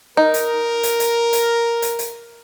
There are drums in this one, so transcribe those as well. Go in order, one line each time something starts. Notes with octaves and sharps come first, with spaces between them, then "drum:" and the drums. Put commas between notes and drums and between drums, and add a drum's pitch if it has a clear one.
D#4 A#4
drum: hi-hat
drum: hi-hat
drum: hi-hat
drum: hi-hat
drum: hi-hat
drum: hi-hat